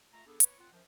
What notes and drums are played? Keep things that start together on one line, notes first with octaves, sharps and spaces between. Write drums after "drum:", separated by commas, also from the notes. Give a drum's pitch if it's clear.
A3 F4 E5 A#5
B3 D4 G#4 A4
B4 C#5 C#6, drum: hi-hat
C4 F4 F#5
F#2 D#3 F3